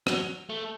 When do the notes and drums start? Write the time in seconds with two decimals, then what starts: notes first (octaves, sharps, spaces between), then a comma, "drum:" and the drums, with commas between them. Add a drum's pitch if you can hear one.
0.07 F#3, drum: rim click
0.50 A3